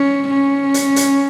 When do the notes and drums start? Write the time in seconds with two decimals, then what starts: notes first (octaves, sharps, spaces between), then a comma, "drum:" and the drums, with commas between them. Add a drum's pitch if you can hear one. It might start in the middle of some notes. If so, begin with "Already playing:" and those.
Already playing: C#4
0.30 C#4
0.74 drum: hi-hat
0.96 drum: hi-hat